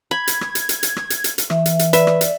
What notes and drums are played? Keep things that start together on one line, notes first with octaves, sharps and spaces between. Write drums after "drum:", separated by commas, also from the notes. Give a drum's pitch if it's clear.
B5 G#6
drum: hi-hat
drum: rim click
drum: hi-hat
drum: hi-hat
drum: hi-hat
drum: rim click
drum: hi-hat
drum: hi-hat
drum: hi-hat
E3 E5, drum: rim click
drum: hi-hat
drum: hi-hat
B4 D5 E5, drum: hi-hat
drum: rim click
drum: hi-hat